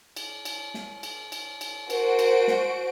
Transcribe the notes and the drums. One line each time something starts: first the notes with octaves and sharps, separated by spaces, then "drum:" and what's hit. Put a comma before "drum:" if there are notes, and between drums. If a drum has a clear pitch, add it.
drum: cymbal
drum: cymbal
drum: snare
drum: cymbal
drum: cymbal
drum: cymbal
F#4 A#4 C5 D7, drum: cymbal
drum: cymbal
drum: snare